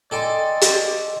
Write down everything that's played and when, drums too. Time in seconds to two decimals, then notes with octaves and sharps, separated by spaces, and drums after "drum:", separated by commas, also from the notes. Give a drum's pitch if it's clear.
0.11 A4 D5 D#5 G5 G#5 C6
0.61 drum: hi-hat